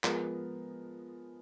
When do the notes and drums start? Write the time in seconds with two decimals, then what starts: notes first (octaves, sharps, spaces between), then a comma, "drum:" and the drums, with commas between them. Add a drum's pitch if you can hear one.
0.04 F3 G#3 B3 A#4, drum: clap